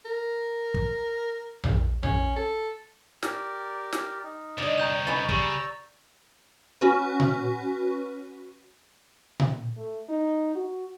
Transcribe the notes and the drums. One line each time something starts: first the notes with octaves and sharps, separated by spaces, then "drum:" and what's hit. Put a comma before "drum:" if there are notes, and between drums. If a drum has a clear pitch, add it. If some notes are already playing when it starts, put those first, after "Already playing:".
A#4
drum: kick
drum: tom A#1
C#4, drum: tom A#1
A4
G4 A#4 D5 F6, drum: snare
drum: snare
D#4
C2 D3 D4 D#5
C#5 G5 A#5 G6 F7
C#4 D#4 B4 A6
C#3 G3 A#5 C#6 E6, drum: kick
C#4 F#4 B4
drum: tom A#2
drum: tom A#2
A3
D#4
F#4